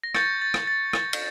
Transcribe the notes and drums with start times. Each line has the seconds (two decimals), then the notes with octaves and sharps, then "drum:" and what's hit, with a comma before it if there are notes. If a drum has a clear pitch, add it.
0.04 A#6
0.15 C#6 G6 A6 C#7, drum: rim click
0.42 A6
0.54 drum: rim click
0.67 A6
0.93 A6, drum: rim click
1.13 drum: cymbal